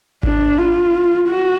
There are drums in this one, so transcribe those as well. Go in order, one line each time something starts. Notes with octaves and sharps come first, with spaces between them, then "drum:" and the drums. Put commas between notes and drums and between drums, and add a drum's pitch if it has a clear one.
D4, drum: kick G#1
F4
F#4